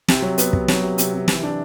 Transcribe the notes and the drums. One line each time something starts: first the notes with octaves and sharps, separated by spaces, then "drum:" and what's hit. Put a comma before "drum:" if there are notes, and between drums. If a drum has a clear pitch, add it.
C3, drum: snare
F#3
B3, drum: hi-hat
C3, drum: kick
F#3, drum: snare
C3
C3, drum: hi-hat
C3
E3, drum: snare
D4